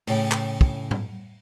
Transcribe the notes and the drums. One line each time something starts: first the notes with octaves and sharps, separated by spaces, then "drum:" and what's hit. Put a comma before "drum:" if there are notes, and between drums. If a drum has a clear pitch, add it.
A2 C#3 G5, drum: open hi-hat
drum: clap
drum: kick
drum: tom G#2